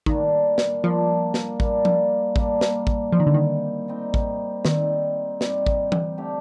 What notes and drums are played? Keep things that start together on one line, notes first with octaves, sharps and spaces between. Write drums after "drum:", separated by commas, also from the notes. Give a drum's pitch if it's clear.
D#3 G3 A#3 D4, drum: kick A1
drum: snare
F3 G3 A#3 D4
drum: snare
G3 A#3 D4, drum: kick A1
drum: tom F3
G3 A#3 D4, drum: kick A1
drum: snare
drum: kick A1
F3 G3 C4 D#4
D#3
D3
D#3
G3 C4 D#4
drum: kick A1
D#3 G3 C4 D#4, drum: snare
G3 C4 D#4, drum: snare
drum: kick A1
drum: tom E3
D3 A3 C4 G4